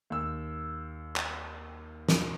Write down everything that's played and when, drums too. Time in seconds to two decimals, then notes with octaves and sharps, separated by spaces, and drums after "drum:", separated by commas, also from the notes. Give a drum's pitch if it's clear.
0.10 D#2 E6
1.16 drum: clap
2.09 drum: snare